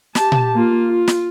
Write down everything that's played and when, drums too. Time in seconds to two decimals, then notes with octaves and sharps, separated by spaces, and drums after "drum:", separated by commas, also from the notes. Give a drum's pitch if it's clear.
0.15 G4 A5, drum: snare
0.32 drum: tom A#2
0.54 A#3 F4
0.90 F4
1.07 drum: snare